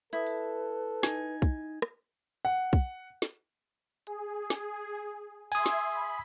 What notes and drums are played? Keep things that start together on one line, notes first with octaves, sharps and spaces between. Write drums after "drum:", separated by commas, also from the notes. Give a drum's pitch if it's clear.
E4 A4 B4 D#6, drum: hi-hat
drum: open hi-hat
D#4 G#5, drum: snare
drum: kick
drum: rim click
F#5
drum: kick
drum: snare
G#4, drum: hi-hat
drum: snare
E5 G#5 C6 D#6 G#6, drum: cymbal
drum: snare
B5